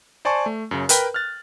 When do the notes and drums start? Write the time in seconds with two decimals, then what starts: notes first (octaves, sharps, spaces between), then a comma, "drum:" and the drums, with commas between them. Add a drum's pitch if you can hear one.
0.25 C5 D5 G#5 A5 C6 C#6
0.46 A3
0.71 F#2 C#3
0.89 A#4 B4 G5 B5, drum: hi-hat
1.14 F6 F#6 A6